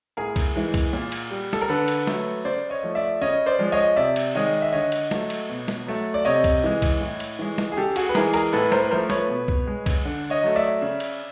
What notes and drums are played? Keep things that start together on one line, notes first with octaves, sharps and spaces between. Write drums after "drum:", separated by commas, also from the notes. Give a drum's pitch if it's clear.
A2 G#4 A#4
drum: kick C2, cymbal
E3 G#3
drum: kick C2, cymbal
A#2
drum: cymbal
G3
A4, drum: snare
A#4
D3 A4 B4
drum: cymbal
F#3 A3, drum: snare
C#3 C5 D5
C#5 D#5
F3 A3
D5 E5
C#3 C#5 D#5
C5 D5
F3 G#3
C#5 D#5
C3 D5 E5
drum: cymbal
D#3 G#3 C#5 D#5
E5
D3 C#5 D#5
drum: cymbal
F#3 A3, drum: snare
drum: cymbal
B2
drum: snare
F#3 A3
D5
C3 C#5 D#5
drum: kick C2, cymbal
E3 G#3
drum: kick C2, cymbal
A2
drum: cymbal
E3 G#3
drum: snare
G#4
C#3 G4 A4
F#4 G#4, drum: cymbal
B4
E3 G#3 G#4 A#4, drum: snare
G#4 A#4, drum: cymbal
A2 A4 B4
A#4 C5, drum: snare
B4
F3 A3 A#4 C5
B4 C#5, drum: snare
B2
drum: kick C2
G#3
drum: kick C2, cymbal
D3
C#5 D#5
F#3 A3
D5 E5
C#3
drum: cymbal